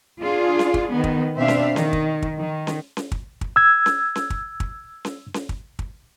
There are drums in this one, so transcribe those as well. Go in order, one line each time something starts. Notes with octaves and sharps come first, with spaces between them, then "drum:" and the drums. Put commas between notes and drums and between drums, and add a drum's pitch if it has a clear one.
D4 F4 G#4
drum: snare C#4
drum: kick
D#3 B3
drum: kick
B2 C4 D4 C5 E5 F5
drum: snare C#4
D#3, drum: snare C#4
drum: kick
drum: kick
D#3
drum: snare C#4
drum: snare C#4
drum: kick
drum: kick
E6 G#6
drum: snare C#4
drum: snare C#4
drum: kick
drum: kick
drum: snare C#4
drum: snare C#4
drum: kick
drum: kick